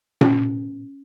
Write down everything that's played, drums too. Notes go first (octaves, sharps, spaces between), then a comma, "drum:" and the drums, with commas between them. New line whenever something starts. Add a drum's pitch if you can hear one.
C#4, drum: tom A#2